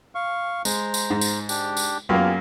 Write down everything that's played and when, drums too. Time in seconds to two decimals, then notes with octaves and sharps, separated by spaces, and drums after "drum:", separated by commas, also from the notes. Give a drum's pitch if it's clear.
0.15 F5 C#6
0.65 G#3 C5 A#5, drum: tambourine
0.94 drum: tambourine
1.10 G#2
1.21 drum: tambourine
1.49 D4 G4, drum: tambourine
1.77 drum: tambourine
2.09 F#2 A#3 B3 F4 G4 G#4